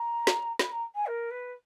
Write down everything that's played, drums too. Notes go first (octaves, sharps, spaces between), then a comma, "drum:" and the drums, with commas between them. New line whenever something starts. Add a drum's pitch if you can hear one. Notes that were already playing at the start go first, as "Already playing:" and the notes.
Already playing: A#5
drum: snare
B5, drum: snare
A#5
G#5
A#4
B4